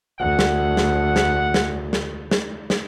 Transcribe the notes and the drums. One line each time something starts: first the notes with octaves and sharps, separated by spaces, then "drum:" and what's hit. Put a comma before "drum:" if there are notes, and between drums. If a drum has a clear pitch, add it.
D2 F#5
drum: snare
drum: snare
drum: snare
drum: snare
drum: snare
drum: snare
drum: snare